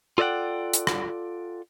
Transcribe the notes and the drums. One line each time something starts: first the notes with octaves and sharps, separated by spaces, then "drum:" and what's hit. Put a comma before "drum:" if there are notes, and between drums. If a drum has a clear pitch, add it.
F4 A4 D5 D#5 F#5 G5
drum: hi-hat
drum: rim click